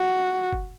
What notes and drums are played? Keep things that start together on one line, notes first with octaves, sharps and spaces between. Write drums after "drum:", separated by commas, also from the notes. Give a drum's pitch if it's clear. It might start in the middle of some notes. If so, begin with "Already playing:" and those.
Already playing: F#4
drum: kick